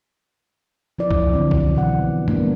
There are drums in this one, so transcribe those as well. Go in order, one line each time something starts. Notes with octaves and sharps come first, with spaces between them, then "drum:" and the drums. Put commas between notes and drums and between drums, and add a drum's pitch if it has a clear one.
F3 E4 D5
drum: kick C2
D3 F#3 C4 D4
drum: kick C2
B2 E3 F#5
F3 G#3 A#3 B3 D4, drum: tom